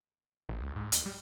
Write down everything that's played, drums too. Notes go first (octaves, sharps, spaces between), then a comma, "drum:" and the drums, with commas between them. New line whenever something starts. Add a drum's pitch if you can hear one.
A1
C#2
G#2
D#2, drum: hi-hat
G3